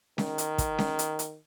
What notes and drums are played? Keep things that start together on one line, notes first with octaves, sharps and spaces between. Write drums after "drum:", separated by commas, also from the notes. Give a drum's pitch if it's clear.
D#3, drum: snare C#4
drum: hi-hat
drum: kick, hi-hat
drum: snare C#4
drum: hi-hat
drum: hi-hat